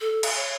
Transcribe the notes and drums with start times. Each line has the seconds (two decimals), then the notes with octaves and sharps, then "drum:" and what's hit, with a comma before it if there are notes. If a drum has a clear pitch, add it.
0.01 A4
0.23 drum: cymbal
0.36 C#5